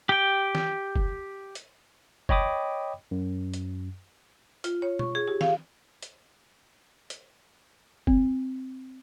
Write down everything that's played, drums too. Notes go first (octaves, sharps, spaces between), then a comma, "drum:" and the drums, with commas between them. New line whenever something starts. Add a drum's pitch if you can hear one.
G4 G5
drum: snare
drum: kick F#1
drum: hi-hat
C#5 D#5 G5 B5 D6 D#6, drum: kick F#1
F#2
drum: hi-hat
F4, drum: hi-hat
C#5
C#6, drum: tom B2
G#4
G4
F5, drum: snare
drum: hi-hat
drum: hi-hat
C4, drum: kick F#1